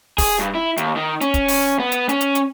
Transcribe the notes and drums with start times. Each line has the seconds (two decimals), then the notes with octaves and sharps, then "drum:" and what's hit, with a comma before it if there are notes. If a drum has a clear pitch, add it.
0.18 G#4, drum: kick, open hi-hat
0.39 G2
0.55 E4
0.77 D#2, drum: hi-hat
0.96 D#3
1.21 C#4, drum: hi-hat
1.34 drum: kick, hi-hat
1.48 drum: open hi-hat
1.79 B3
1.92 drum: hi-hat
2.09 C#4, drum: hi-hat
2.21 drum: hi-hat
2.35 drum: hi-hat